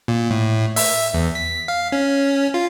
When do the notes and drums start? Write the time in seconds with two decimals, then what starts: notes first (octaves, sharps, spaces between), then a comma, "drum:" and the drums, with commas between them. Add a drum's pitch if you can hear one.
0.08 A#2
0.30 A2
0.76 E5, drum: open hi-hat
1.14 E2
1.35 B6
1.68 F5
1.92 C#4
2.54 F4